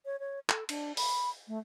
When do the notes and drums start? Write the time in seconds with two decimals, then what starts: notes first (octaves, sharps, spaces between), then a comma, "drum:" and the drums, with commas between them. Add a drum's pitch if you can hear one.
0.05 C#5
0.20 C#5
0.49 A4, drum: clap
0.69 D4, drum: cymbal
0.97 B5, drum: open hi-hat
1.48 A3